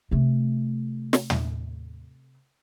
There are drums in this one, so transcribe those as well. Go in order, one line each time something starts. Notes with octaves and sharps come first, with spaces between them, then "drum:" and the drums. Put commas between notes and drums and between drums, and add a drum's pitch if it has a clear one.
C3 A3
drum: snare
drum: tom